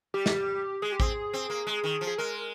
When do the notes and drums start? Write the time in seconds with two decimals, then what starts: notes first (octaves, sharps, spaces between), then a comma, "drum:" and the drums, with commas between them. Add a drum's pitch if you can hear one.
0.14 G3 G4
0.26 drum: snare
0.82 G#3 G#4
0.92 G4
1.00 C4 G#4, drum: kick A1
1.34 C4
1.50 A#3
1.67 G#3
1.84 D#3
2.01 F3
2.07 G#4
2.18 G#3 A#4